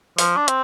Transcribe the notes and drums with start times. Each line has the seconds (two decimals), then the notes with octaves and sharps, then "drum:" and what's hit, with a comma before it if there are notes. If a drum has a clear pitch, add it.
0.18 F3, drum: open hi-hat
0.37 D4
0.48 C4, drum: hi-hat